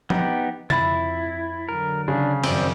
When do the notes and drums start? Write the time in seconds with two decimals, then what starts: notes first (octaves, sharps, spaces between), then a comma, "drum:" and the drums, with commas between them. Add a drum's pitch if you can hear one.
0.10 B3 D#4 G4, drum: tom F3
0.70 F2 E4 B5 A6, drum: tom C3
1.69 D3 F#3 A#4
2.08 C#3 D4
2.44 F#2 D#3 F3 C4 D5, drum: cymbal